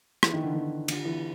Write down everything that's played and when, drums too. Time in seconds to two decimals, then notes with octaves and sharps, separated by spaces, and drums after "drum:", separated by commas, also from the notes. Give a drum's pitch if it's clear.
0.23 E3, drum: rim click
0.33 D#3
0.44 D3
0.54 D#3
0.88 D3, drum: cymbal
1.05 E3